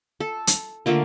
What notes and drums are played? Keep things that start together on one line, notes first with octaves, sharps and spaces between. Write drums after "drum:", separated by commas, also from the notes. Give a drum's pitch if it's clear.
A4
drum: hi-hat
D3 A3 A#3 F4